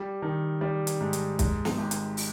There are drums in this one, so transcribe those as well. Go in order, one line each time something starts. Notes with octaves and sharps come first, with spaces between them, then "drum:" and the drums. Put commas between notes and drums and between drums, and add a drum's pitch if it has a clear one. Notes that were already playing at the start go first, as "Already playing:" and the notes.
Already playing: G3
D#3
G3
drum: hi-hat
G#2
drum: hi-hat
G#2, drum: kick, hi-hat
drum: snare
G#1
drum: hi-hat
drum: open hi-hat